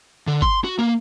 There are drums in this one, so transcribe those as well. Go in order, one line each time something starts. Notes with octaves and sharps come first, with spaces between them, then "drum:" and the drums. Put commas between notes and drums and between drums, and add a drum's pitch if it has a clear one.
D3
C6, drum: kick G1
F#4
A#3